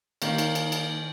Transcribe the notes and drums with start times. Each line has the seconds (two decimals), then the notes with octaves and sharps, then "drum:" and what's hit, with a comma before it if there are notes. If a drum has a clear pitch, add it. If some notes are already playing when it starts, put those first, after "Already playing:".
0.22 D#3 A#3, drum: cymbal
0.38 drum: cymbal
0.55 drum: cymbal
0.72 drum: cymbal